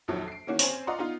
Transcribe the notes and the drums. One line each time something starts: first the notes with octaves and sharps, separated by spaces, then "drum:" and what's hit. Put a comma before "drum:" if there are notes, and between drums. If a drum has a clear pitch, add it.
A#1 F2 D#3 F3 F#3
C7 D7
D#3 E3 A#3 C#4 F#4
C4 C#4 C5 G#5, drum: open hi-hat
F4 D5 D#5 F#5 A#5 C6
B3 D#4 F4